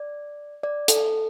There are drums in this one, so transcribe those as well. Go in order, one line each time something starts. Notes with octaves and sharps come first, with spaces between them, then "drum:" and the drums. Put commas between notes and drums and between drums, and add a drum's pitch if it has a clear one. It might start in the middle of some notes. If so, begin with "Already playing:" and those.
Already playing: D5
D5
A4, drum: hi-hat